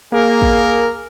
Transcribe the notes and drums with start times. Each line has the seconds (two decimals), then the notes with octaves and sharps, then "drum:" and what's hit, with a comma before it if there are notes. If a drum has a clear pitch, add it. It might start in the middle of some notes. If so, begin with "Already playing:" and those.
0.13 A#3 G#4 A#4
0.42 drum: kick